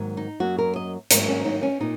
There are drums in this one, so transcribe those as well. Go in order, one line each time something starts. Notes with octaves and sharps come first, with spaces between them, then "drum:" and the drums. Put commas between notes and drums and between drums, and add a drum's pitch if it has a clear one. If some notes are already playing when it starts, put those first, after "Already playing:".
Already playing: G#2 D#3 F#3 A#3
D#4
F#2 F#3 A#3 F#4
A#4
D#5
G#2 D#3 F#3 A#3 A#4, drum: hi-hat
C#4
D#4
C#4
A#2 D#4